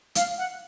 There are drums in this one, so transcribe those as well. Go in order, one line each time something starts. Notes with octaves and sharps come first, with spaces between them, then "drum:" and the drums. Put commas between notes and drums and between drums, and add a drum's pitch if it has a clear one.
F5, drum: hi-hat
F#5